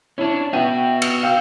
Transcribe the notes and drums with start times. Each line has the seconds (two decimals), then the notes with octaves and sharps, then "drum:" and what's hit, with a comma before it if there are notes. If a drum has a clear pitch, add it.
0.18 C#4 D4 E4 C#5
0.53 B3 F#4 E5 G5 D#7
1.02 C#7, drum: cymbal
1.23 F5 G5 E6